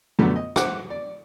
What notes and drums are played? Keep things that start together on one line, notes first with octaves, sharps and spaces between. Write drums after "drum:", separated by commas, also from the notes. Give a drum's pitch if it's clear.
A#1 F#2 B2 D3 A3 B3
D#5
C5 F#5 D6, drum: rim click
D5